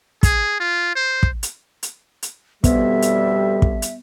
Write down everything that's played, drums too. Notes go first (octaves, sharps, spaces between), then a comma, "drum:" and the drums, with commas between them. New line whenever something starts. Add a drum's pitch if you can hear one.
G#4, drum: kick, hi-hat
F4
C5
drum: kick
drum: hi-hat
drum: hi-hat
drum: hi-hat
F2 B2 D3 G3 B3 E5, drum: kick, hi-hat
drum: hi-hat
drum: kick
drum: hi-hat